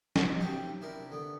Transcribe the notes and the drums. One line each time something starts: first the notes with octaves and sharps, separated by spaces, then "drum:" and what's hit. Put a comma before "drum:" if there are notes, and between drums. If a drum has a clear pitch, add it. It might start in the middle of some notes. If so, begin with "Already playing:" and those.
F#5, drum: snare
B1 C4 G4 G5
C3 D4 E4 A#4
D3 B3